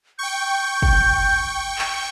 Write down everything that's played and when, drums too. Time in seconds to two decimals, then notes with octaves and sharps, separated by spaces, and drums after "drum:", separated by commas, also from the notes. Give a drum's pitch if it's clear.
0.19 G5 C#6 G6
0.82 drum: kick
1.78 drum: clap